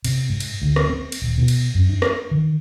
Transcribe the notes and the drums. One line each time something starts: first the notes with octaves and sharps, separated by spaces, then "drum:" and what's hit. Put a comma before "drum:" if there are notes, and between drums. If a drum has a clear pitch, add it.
C3, drum: cymbal
G#2
drum: cymbal
D2
drum: rim click
C4
drum: cymbal
D#1
B2
drum: cymbal
F#2
D4
drum: rim click
D#3